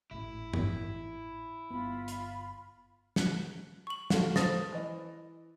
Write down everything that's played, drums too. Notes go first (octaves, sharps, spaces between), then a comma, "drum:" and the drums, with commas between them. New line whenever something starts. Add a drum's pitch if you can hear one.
G#1 A2 E4
drum: tom G2
G1 B3 F4 B5
drum: hi-hat
F#6 C#7, drum: snare
C#6 F#7
F4 F#4 A4, drum: snare
F4 A4 C5 D#6 A6 A#6, drum: snare
E3 D#5